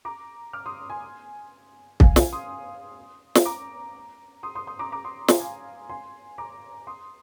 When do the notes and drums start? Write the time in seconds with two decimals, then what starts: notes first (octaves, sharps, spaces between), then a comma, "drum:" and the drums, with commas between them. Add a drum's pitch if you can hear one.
0.05 A#5 D6
0.53 D6 F6
0.66 C6 D#6
0.90 G#5 C6
2.00 F5 G#5, drum: kick
2.16 F5 G#5, drum: snare
2.33 C6 D#6
3.35 drum: snare
3.45 A#5 D6
4.43 C6 D#6
4.55 C6 D#6
4.67 C6 D#6
4.79 A#5 D6
4.92 A#5 D6
5.04 C6 D#6
5.28 G#5 C6, drum: snare
5.40 F5 G#5
5.89 G#5 C6
6.38 A#5 D6
6.87 C6 D#6